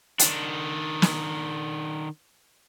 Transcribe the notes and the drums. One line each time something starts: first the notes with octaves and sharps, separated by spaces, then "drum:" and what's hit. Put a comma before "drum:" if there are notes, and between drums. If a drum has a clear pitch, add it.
D#3 D4, drum: hi-hat
drum: snare